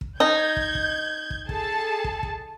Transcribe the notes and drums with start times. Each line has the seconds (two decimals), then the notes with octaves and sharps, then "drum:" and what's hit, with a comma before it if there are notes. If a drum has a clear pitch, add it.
0.01 drum: kick
0.20 D#4 G6 G#6
0.56 drum: kick
0.75 drum: kick
1.30 drum: kick
1.49 G#4 A4 A5, drum: kick
2.04 drum: kick
2.23 drum: kick